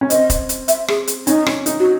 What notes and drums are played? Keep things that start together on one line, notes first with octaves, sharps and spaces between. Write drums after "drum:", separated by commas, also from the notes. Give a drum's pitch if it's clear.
C#4
C4 D#5, drum: hi-hat
drum: kick, hi-hat
drum: hi-hat
E5, drum: hi-hat
G#4, drum: rim click
drum: hi-hat
C#4 D#4, drum: hi-hat
C#4, drum: rim click
D#4, drum: hi-hat
F#4